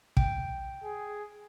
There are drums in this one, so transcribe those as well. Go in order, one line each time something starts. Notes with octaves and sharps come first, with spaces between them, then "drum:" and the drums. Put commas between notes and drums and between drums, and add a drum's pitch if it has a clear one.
G5, drum: kick
G#4